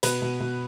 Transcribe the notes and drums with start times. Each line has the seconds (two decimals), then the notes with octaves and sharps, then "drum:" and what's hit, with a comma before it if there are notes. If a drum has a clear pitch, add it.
0.03 B2 B4, drum: hi-hat
0.22 B2
0.40 B2